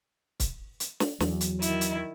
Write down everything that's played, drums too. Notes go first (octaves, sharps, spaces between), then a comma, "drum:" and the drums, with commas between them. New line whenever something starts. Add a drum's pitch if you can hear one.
drum: kick C#1, hi-hat
drum: hi-hat
drum: snare
E2 F#3, drum: snare
drum: hi-hat
D#3 E4, drum: hi-hat
drum: hi-hat